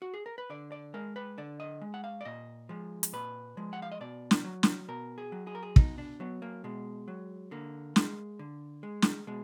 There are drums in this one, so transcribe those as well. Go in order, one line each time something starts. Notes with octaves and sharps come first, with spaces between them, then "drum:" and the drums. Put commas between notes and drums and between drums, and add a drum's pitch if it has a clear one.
F#4
G#4
A#4
B4
D3 D5
D5
G#3 A#4
B4
D3 D5
D#5
G#3
F#5
F5
D5
A#2 D#5
F3 G#3
drum: hi-hat
A#2 B4
F3 G#3
F#5
F5
D#5
B2 D5
drum: snare
F#3
drum: snare
B2 A#4
G#4
F#3
G#4
A#4
G#4
B2 D#4, drum: kick
D4
F#3 B3
A#3
B2 G#3
F#3
D3 A#3
G#3, drum: snare
D3
G#3
drum: snare
B2 G#3